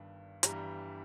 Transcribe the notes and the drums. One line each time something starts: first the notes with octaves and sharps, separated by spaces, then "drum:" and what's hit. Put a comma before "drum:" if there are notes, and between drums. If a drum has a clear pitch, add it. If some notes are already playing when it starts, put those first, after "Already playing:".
Already playing: G1 G2 D#3
G1 G2 E3 G3 A#5, drum: hi-hat